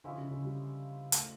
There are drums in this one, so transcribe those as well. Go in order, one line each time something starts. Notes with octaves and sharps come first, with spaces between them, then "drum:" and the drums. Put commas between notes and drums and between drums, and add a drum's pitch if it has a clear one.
D3 F3 G#3 C#4 E4
C#3
C#3
G3
A3, drum: hi-hat